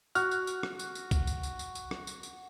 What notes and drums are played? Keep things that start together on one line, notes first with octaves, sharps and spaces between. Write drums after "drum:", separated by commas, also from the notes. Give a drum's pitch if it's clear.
F#4 F6, drum: tambourine
drum: tambourine
drum: tambourine
drum: rim click
drum: tambourine
drum: tambourine
drum: kick B1, tambourine
drum: tambourine
drum: tambourine
drum: tambourine
drum: tambourine
drum: rim click
drum: tambourine
drum: tambourine